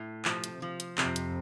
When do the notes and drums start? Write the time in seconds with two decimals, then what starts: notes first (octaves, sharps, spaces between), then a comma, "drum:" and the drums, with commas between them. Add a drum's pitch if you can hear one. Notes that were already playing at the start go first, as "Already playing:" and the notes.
Already playing: A2
0.25 C3 F3, drum: clap
0.44 drum: hi-hat
0.62 F3
0.80 drum: hi-hat
0.98 F2 C3, drum: clap
1.16 drum: hi-hat